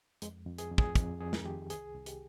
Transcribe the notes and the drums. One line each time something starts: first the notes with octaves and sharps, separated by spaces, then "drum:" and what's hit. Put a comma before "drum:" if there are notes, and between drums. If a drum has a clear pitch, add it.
F2 G#3, drum: hi-hat
F2
G#4, drum: hi-hat
F2
G#4, drum: kick
F2, drum: kick, hi-hat
F2 G#4
drum: snare
D#3 G4
C2 G#4, drum: hi-hat
C2
G4, drum: hi-hat